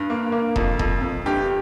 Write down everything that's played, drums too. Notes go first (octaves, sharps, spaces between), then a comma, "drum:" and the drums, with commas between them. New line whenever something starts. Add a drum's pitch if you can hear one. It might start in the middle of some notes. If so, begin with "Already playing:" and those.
Already playing: G2
A#3
A#3
F2, drum: kick E1
F2, drum: kick E1
F2
G2 G4